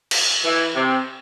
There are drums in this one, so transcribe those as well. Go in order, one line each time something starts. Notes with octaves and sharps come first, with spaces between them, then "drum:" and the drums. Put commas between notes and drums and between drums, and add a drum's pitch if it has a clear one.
drum: cymbal
E3
C3